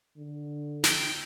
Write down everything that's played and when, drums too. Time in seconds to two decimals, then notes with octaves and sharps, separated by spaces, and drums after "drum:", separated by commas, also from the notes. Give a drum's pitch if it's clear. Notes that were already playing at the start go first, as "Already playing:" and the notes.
0.17 D3
0.84 G5, drum: snare